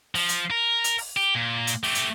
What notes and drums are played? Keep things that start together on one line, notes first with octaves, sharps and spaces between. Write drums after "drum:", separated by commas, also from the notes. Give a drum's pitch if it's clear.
F3, drum: open hi-hat
drum: hi-hat
A#4
drum: hi-hat
drum: open hi-hat
G4
A#2
drum: hi-hat
A3 G4, drum: open hi-hat
drum: hi-hat